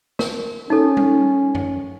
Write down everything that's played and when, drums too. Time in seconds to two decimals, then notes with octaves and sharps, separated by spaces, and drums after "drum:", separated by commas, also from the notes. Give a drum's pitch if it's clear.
0.19 A#4, drum: snare
0.70 C#4 D#4 A4
0.97 drum: tom G3
1.55 drum: tom F#2